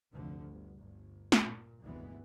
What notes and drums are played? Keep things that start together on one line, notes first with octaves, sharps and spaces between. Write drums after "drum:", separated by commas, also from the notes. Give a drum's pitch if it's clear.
F1 D2 G2 D3 F3
G1
G1
drum: snare
A#2
F1 D2 G2 E3 G#3 B3